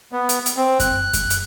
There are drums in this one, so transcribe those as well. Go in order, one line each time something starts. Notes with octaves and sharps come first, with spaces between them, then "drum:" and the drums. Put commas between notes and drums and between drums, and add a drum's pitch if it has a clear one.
B3
drum: hi-hat
drum: hi-hat
C4
F#6, drum: kick F#2, hi-hat
drum: kick F#2, hi-hat
drum: hi-hat